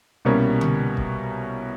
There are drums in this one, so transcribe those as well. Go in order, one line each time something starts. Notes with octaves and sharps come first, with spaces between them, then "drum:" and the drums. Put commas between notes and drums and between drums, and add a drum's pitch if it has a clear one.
C2 B2 G3 A#3 C#4
drum: tom D3
drum: kick